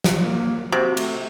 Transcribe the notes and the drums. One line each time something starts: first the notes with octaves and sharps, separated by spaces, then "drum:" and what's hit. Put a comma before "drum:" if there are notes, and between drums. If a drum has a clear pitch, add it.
drum: snare
A#3
C3 F#4
A3, drum: cymbal